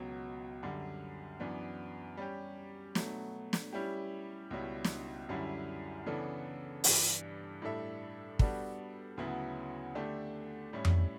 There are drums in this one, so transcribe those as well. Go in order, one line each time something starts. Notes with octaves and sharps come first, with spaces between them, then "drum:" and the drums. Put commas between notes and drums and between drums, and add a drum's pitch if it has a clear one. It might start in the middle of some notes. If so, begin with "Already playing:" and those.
Already playing: C#2 B2 F#3
F#2 D3 G3
F#2 E3 B3 D4
G3 C#4 G4
B2 F#3 A3, drum: snare
drum: snare
G3 C#4 E4 G4
C#2 B2 G3 C#4 E4
drum: snare
F#2 D3 G3 C#4 E4
C#3 E3 B3 D4 A4
G2 E3 G3 D4, drum: open hi-hat
A2 G3 D4 A4 E5
G3 B3 D4 F#4 A4, drum: kick
D2 C#3 F#3 B3 E4
D3 A3 D4 G4
A2 G3 C#4 E4
drum: tom F2